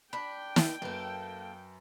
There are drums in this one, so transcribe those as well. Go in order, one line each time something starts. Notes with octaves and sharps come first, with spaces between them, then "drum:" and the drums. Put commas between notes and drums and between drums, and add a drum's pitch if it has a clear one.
D4 G5 B5
drum: snare
F#2 A#3 A4 B4